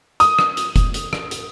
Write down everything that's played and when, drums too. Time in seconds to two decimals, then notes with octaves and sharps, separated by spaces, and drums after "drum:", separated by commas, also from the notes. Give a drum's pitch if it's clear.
0.20 D#6, drum: hi-hat
0.39 drum: rim click
0.57 drum: hi-hat
0.76 drum: kick F1, hi-hat
0.94 drum: hi-hat
1.13 drum: rim click
1.31 drum: hi-hat